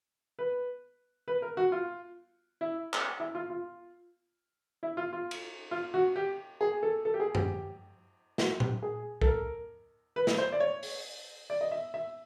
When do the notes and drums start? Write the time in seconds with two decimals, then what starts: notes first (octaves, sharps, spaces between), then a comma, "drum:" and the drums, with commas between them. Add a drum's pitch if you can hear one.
0.39 B4
1.28 B4
1.42 A#4
1.57 F#4
1.72 F4
2.61 E4
2.94 drum: clap
3.20 E4
3.35 F4
3.50 F4
4.83 E4
4.97 F4
5.13 F4
5.31 drum: cymbal
5.71 F4
5.94 F#4
6.16 G4
6.61 G#4
6.83 A4
7.05 A4
7.14 G4
7.20 G#4
7.35 G4, drum: tom F#2
8.38 F#4, drum: snare
8.60 G4, drum: tom A#2
8.83 G#4
9.22 A4, drum: kick C2
9.27 A#4
10.16 B4
10.27 drum: snare
10.38 C5
10.52 D5
10.60 C#5
10.83 drum: open hi-hat
11.50 D5
11.61 D#5
11.71 E5
11.94 E5